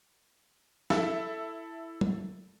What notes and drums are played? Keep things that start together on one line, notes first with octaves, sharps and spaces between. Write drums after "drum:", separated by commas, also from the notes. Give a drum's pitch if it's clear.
E4 A4 E5, drum: snare
drum: tom